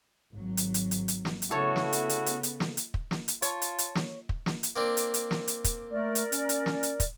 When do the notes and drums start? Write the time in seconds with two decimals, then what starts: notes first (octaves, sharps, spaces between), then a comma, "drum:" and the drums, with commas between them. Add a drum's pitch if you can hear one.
0.32 G#1 F#3
0.57 drum: hi-hat
0.74 drum: hi-hat
0.91 drum: hi-hat
1.08 drum: hi-hat
1.25 drum: snare
1.42 drum: hi-hat
1.51 C#3 A3 B3 E4 F#4 A4 C#5
1.76 drum: snare
1.93 drum: hi-hat
2.09 drum: hi-hat
2.26 drum: hi-hat
2.43 drum: hi-hat
2.60 drum: snare
2.77 drum: hi-hat
2.94 drum: kick
3.11 drum: snare
3.28 drum: hi-hat
3.42 F4 C#5 A5, drum: hi-hat
3.62 drum: hi-hat
3.78 drum: hi-hat
3.95 drum: snare
4.29 drum: kick
4.46 drum: snare
4.63 drum: hi-hat
4.76 A#3 C4 D4
4.97 drum: hi-hat
5.14 drum: hi-hat
5.31 drum: snare
5.48 drum: hi-hat
5.64 drum: kick, hi-hat
5.90 A3 A#4 D5
6.15 drum: hi-hat
6.32 C#4, drum: hi-hat
6.49 drum: hi-hat
6.66 drum: snare
6.83 drum: hi-hat
7.00 drum: kick, hi-hat